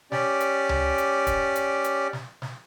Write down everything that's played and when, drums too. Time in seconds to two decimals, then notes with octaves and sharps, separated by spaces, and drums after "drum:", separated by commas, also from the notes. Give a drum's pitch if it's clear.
0.12 C#4 G4 D5, drum: snare
0.40 drum: hi-hat
0.69 drum: tom C#2
0.98 drum: hi-hat
1.27 drum: kick, hi-hat
1.55 drum: hi-hat
1.84 drum: hi-hat
2.13 drum: snare
2.42 drum: snare